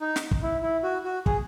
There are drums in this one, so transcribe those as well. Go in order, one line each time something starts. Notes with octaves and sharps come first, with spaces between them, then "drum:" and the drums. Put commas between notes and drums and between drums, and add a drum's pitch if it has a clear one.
D#4
drum: snare
drum: kick
E4
E4
F#4
F#4
G#4, drum: kick